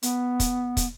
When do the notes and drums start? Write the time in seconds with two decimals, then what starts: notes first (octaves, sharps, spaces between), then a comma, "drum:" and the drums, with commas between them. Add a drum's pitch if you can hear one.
0.03 B3, drum: hi-hat
0.40 drum: kick, hi-hat
0.77 drum: kick, hi-hat